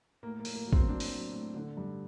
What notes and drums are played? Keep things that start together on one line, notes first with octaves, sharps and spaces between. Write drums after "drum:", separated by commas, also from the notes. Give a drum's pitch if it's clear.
A2 A#3
A#3
A2, drum: open hi-hat
A#3
F#3
C4, drum: kick
F#3 D4
drum: open hi-hat
F#3
A2
D3
G2